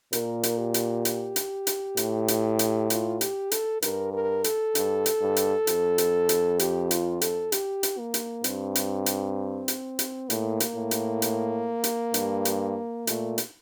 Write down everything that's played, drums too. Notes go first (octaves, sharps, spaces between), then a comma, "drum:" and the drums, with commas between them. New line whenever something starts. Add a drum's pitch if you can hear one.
A#2 A#4, drum: hi-hat
drum: hi-hat
G4
drum: hi-hat
drum: hi-hat
drum: hi-hat
drum: hi-hat
A2, drum: hi-hat
drum: hi-hat
drum: hi-hat
F4, drum: hi-hat
G4, drum: hi-hat
A4, drum: hi-hat
G2 A#4, drum: hi-hat
A#4
A4, drum: hi-hat
G2, drum: hi-hat
drum: hi-hat
G2
drum: hi-hat
F2, drum: hi-hat
drum: hi-hat
drum: hi-hat
G4, drum: hi-hat
F4, drum: hi-hat
A4, drum: hi-hat
G4, drum: hi-hat
drum: hi-hat
A#3
drum: hi-hat
G2 C4, drum: hi-hat
drum: hi-hat
drum: hi-hat
drum: hi-hat
drum: hi-hat
A2 A#3, drum: hi-hat
drum: hi-hat
A2
drum: hi-hat
drum: hi-hat
drum: hi-hat
G2, drum: hi-hat
drum: hi-hat
A#2 A3, drum: hi-hat
drum: hi-hat